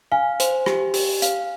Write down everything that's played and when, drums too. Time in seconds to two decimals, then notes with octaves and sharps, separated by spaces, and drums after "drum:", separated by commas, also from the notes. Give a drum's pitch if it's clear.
0.12 F5 G#5
0.40 C5, drum: hi-hat
0.66 G4, drum: rim click
0.94 G4, drum: open hi-hat
1.22 F5, drum: hi-hat